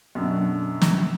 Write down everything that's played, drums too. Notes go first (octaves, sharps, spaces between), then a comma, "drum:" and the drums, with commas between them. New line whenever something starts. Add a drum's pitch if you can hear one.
F#2 B2 D3
drum: snare